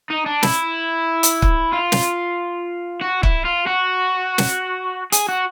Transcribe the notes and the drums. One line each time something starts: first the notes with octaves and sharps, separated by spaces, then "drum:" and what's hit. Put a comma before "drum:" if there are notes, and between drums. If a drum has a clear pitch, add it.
D#4
D4
E4, drum: snare
drum: hi-hat
drum: kick
F4
drum: snare
F#4
E4, drum: kick
F4
F#4
drum: snare
G#4, drum: hi-hat
F#4